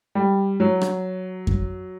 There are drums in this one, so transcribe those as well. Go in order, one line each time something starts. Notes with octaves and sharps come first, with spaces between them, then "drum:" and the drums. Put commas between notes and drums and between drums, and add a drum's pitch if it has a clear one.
G3
F#3
drum: rim click
drum: kick F#2